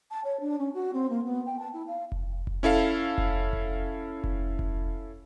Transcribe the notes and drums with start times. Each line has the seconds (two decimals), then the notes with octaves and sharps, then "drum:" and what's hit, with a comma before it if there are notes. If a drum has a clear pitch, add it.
0.11 A5
0.24 C#5
0.40 D4
0.58 C#4
0.74 F#4
0.93 C4
1.09 A#3
1.25 B3
1.46 G5
1.59 A5
1.73 E4
1.87 F5
2.12 drum: kick F1
2.47 drum: kick F1
2.63 C#4 E4 A4 F5
3.18 drum: kick F1
3.53 drum: kick F1
4.24 drum: kick F1
4.59 drum: kick F1